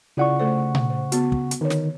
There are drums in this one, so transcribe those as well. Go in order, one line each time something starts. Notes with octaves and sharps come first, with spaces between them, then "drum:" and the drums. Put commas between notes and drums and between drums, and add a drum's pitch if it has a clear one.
C#3 E4 F4 D5 F#5 C#6
A3 A4 C5
drum: tom A#2
C5
B3 F#4, drum: hi-hat
drum: kick
drum: hi-hat
D3 D#3 C#5
drum: snare